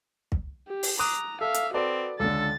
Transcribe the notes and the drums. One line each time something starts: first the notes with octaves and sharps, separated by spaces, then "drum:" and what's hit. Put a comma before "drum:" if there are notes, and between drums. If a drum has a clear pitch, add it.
drum: kick
G4
drum: open hi-hat
A#5 D6 D#6 F#6
A4 E5 F5
drum: hi-hat
C4 F#4 A4 B4 D5
C#2 D3 A4 A6